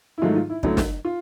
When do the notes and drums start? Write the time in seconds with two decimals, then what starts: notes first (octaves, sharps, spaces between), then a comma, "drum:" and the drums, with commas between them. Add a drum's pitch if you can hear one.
0.18 E4
0.22 G#2 D#3 F#3 A3 F4
0.35 F4
0.50 E4
0.63 F#2 D3 F#3 A3 E4, drum: kick
0.77 drum: snare
1.05 F4